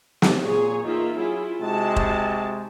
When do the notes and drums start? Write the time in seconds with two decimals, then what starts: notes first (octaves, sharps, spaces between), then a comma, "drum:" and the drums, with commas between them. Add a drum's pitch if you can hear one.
0.22 drum: snare
0.43 A#2 G#4 C#5
0.84 E2 A#3 D#4 F4 E5
1.16 F#3 C#4 E4 F4 G#4
1.61 C3 G#3 D#4 F#4 A5
1.96 drum: kick